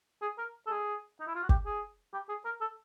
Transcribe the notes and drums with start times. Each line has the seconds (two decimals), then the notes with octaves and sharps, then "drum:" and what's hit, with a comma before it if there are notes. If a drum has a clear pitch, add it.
0.22 G#4
0.38 A#4
0.67 A4
0.70 G#4
1.20 D#4
1.27 E4
1.35 F4
1.43 F#4
1.49 G4, drum: kick
1.66 G#4
2.13 G4
2.29 G#4
2.45 A#4
2.61 A4